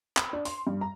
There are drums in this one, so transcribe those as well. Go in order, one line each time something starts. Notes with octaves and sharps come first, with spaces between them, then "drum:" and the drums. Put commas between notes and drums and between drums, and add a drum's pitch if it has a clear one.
B5, drum: clap
D4
C6, drum: open hi-hat
G2
A#5